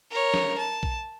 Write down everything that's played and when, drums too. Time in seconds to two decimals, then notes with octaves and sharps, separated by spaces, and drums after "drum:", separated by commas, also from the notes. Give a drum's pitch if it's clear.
0.11 A#4 C#5
0.34 drum: snare
0.58 A5
0.83 drum: kick A#1